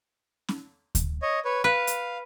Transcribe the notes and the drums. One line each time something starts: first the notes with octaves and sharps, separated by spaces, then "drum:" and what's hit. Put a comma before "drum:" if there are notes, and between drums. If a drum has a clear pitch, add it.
drum: snare C#4
drum: kick D2, hi-hat
C#5 D#5
B4 C#5
B4 F5
drum: hi-hat